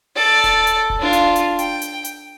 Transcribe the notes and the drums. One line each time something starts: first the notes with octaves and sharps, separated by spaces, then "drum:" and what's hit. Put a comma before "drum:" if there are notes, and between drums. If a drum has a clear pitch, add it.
A4 D5
drum: snare D#1
drum: hi-hat
drum: kick D1
D4 F4
drum: hi-hat
drum: hi-hat
G5, drum: hi-hat
drum: hi-hat
drum: hi-hat